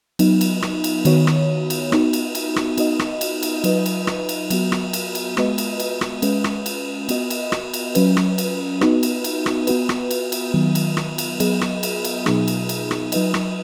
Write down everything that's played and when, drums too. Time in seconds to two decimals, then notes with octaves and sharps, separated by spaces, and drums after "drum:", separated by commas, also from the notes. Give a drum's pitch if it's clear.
0.19 F#3 B3 D#4, drum: cymbal
0.41 drum: cymbal
0.62 drum: rim click
0.84 drum: cymbal
1.05 D#3 B3 F#4 C#5, drum: cymbal
1.27 drum: rim click
1.70 drum: cymbal
1.92 B3 D#4 F#4, drum: rim click
2.13 drum: cymbal
2.35 drum: cymbal
2.56 drum: rim click
2.78 B3 D#4 F#4 D#5, drum: cymbal
2.99 drum: rim click
3.21 drum: cymbal
3.43 drum: cymbal
3.64 F#3 D#4 B4 D#5, drum: cymbal
3.86 drum: cymbal
4.07 drum: rim click
4.29 drum: cymbal
4.50 F#3 B3 F#4, drum: cymbal
4.72 drum: rim click
4.93 drum: cymbal
5.15 drum: cymbal
5.37 G#3 B3 F#4 B4 D#5, drum: rim click
5.58 drum: cymbal
5.80 drum: cymbal
6.01 drum: rim click
6.22 G#3 C#4 B4, drum: cymbal
6.44 drum: rim click
6.66 drum: cymbal
7.09 B3 F#4 D#5, drum: cymbal
7.30 drum: cymbal
7.52 drum: rim click
7.74 drum: cymbal
7.95 F#3 C#4 B4, drum: cymbal
8.17 drum: rim click
8.38 drum: cymbal
8.81 B3 D#4 F#4 B4, drum: rim click
9.03 drum: cymbal
9.24 drum: cymbal
9.46 drum: rim click
9.67 B3 F#4 B4, drum: cymbal
9.89 drum: rim click
10.11 drum: cymbal
10.32 drum: cymbal
10.54 D#3 F#3 B3
10.75 drum: cymbal
10.97 drum: rim click
11.18 drum: cymbal
11.40 F#3 B3 G#4 D#5, drum: cymbal
11.61 drum: rim click
11.83 drum: cymbal
12.04 drum: cymbal
12.26 B2 F#3 B3 D#4 G#4, drum: rim click
12.48 drum: cymbal
12.69 drum: cymbal
12.91 drum: rim click
13.12 F#3 D#4 B4 D#5, drum: cymbal
13.34 drum: rim click